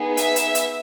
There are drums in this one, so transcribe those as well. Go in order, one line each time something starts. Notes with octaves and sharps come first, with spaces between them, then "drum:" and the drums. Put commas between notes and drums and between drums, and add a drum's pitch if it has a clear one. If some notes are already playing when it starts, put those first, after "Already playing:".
Already playing: B3 D#4 G#4
E5, drum: hi-hat
drum: hi-hat
drum: hi-hat